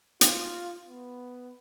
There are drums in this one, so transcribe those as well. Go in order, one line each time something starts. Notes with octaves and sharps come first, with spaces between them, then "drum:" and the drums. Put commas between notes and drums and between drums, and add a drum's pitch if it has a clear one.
F4, drum: hi-hat
B3